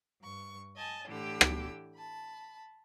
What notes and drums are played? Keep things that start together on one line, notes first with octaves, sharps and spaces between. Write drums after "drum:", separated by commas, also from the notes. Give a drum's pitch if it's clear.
G2 C#6
D#5 G#5 A5
A2 D3 E3 G4 E6
drum: rim click
A5 B5